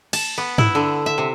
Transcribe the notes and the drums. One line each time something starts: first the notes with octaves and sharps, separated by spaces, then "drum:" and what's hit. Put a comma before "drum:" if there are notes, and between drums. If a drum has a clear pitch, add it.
A5, drum: cymbal
B3
E4, drum: tom
D3
E5
C3